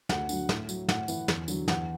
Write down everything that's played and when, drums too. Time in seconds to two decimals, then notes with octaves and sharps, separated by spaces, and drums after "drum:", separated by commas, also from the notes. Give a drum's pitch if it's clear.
0.09 D2 F#5, drum: snare
0.29 D3 F#3, drum: tambourine
0.49 A2, drum: snare
0.69 F#3, drum: tambourine
0.89 A2 F#5, drum: snare
1.08 E3, drum: tambourine
1.28 E2, drum: snare
1.48 D3 F#3, drum: tambourine
1.68 E2 F#5, drum: snare